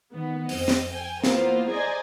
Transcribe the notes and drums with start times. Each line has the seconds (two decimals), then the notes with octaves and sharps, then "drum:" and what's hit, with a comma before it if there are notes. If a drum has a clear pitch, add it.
0.12 D#3 B3
0.49 F2 C4 D#5, drum: open hi-hat
0.68 drum: snare
0.92 G5 G#5
1.24 E3 A#3 B3 F4 A#4 C5, drum: snare
1.69 G#4 C5 D5 D#5 G#5 A#5